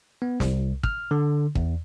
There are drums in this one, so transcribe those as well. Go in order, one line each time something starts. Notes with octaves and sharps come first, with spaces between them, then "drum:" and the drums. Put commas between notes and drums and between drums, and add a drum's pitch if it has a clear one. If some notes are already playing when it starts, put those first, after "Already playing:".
B3
C2, drum: snare
F6, drum: kick
D3
E2, drum: kick